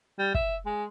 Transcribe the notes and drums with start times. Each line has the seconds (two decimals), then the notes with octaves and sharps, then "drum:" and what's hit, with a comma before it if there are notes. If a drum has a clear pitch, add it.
0.19 G3
0.34 E5, drum: kick
0.66 G#3